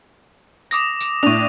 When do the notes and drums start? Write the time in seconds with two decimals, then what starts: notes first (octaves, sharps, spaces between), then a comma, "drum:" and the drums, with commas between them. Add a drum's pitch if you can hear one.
0.71 D6 D#6 A#6, drum: tambourine
1.01 drum: tambourine
1.23 A2 D4 C#6 F7